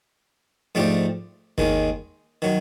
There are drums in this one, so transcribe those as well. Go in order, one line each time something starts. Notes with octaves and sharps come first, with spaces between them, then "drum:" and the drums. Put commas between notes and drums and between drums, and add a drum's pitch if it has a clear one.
G#2 F3 A3 D4 G4
D#2 D#3 G#3, drum: kick G1
D#3 F#3